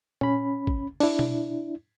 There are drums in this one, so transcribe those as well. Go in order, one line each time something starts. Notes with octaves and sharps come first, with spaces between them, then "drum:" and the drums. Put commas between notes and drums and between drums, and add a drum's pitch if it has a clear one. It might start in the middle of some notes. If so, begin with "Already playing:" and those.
C#4 B5, drum: tom A#2
drum: kick
D4 E4, drum: open hi-hat
drum: tom B2